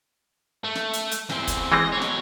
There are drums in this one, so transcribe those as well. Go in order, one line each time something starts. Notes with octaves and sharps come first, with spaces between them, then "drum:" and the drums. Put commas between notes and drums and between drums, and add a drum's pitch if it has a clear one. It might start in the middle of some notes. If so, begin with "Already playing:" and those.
A3
drum: snare
drum: hi-hat
drum: hi-hat
E2 C4, drum: snare
drum: kick, hi-hat
E3 G#3 C4 D#5
B2 C#5
drum: snare